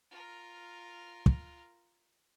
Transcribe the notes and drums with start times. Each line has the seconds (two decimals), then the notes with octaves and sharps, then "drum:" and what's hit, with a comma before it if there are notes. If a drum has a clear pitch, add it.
0.11 F4 A#4
1.26 drum: kick